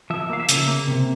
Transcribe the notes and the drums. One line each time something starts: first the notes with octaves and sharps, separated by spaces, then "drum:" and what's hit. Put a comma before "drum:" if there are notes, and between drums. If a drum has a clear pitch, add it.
F3 E5
A#3 F5
E5
C#3, drum: hi-hat
A#3
C3